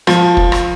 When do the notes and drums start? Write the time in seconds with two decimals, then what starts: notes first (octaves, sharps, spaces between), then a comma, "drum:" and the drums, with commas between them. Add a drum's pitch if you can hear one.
0.07 F3, drum: rim click
0.37 drum: kick
0.52 drum: rim click